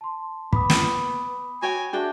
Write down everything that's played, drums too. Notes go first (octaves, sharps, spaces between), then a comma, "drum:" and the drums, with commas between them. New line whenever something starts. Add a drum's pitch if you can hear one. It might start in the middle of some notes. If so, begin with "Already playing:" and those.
A5 C6
B3 B5 D6 D#6, drum: kick
drum: snare
F#4 C#5 G5 G#5
D4 F#4 G#4 D5 E5 G5 A5